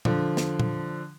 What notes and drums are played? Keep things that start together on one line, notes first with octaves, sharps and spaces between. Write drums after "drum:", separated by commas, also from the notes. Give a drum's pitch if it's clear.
D3 F3, drum: tom A#2
drum: snare
drum: tom A#2